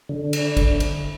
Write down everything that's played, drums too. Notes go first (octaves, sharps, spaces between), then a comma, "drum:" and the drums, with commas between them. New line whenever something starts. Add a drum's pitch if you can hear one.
D3
drum: cymbal
drum: kick, cymbal
drum: cymbal